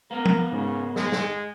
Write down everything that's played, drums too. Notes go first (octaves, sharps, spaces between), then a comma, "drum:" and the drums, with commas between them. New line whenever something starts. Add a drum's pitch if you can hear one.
A#3 B3 A#4
drum: tom
G#2 C#3
G#3, drum: snare
drum: snare